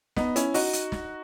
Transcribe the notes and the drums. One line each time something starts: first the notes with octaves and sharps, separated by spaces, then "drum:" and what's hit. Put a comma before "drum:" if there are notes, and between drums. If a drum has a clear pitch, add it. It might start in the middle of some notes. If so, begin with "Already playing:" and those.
B3 D#4, drum: snare
C#4 E4, drum: hi-hat
D#4 F#4, drum: open hi-hat
drum: hi-hat
drum: snare